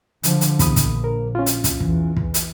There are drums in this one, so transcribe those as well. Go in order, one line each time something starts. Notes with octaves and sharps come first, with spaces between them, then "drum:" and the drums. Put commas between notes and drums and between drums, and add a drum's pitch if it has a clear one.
D3 F3, drum: hi-hat
drum: hi-hat
A#1 E2 B5 D#6, drum: kick, hi-hat
drum: kick, hi-hat
A#4
C#4 F4
drum: hi-hat
drum: kick, hi-hat
E2 E3, drum: kick
drum: kick
drum: hi-hat